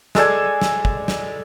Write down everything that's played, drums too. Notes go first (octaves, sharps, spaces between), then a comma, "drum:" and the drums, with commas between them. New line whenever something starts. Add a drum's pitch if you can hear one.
G#3 A4 D5 G#5, drum: snare
drum: snare
drum: kick
drum: snare